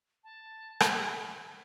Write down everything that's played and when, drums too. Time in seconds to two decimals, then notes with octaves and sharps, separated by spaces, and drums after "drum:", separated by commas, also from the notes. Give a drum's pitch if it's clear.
0.24 A5
0.80 B5, drum: rim click